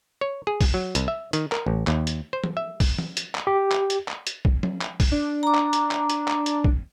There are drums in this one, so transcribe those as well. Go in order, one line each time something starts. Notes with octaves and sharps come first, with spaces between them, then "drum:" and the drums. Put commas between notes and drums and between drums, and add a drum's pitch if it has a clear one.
C#5
G#4
drum: kick, open hi-hat
F#3
C2, drum: hi-hat
E5
D#3, drum: hi-hat
A#4, drum: clap
A1
D#2, drum: clap
drum: hi-hat
C5
drum: tom E3
E5
drum: kick, open hi-hat
drum: tom E3
drum: hi-hat
drum: clap
G4
drum: clap
drum: hi-hat
drum: clap
drum: hi-hat
drum: kick
drum: tom
drum: clap
drum: kick, open hi-hat
D4
A#5 D6
drum: clap
drum: hi-hat
drum: clap
drum: hi-hat
drum: clap
drum: hi-hat
drum: kick